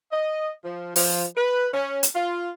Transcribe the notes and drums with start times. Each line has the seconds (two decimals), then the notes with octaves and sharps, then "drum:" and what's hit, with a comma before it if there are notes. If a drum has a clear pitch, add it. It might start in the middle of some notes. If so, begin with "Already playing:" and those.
0.12 D#5
0.64 F3
0.96 F3, drum: open hi-hat
1.37 B4
1.74 C#4
2.03 drum: hi-hat
2.15 F4